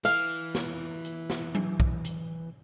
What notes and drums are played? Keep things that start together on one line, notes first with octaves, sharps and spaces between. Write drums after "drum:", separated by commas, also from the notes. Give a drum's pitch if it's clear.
E3 F5, drum: hi-hat
drum: snare
drum: hi-hat
drum: snare
drum: tom F#3
drum: kick
drum: hi-hat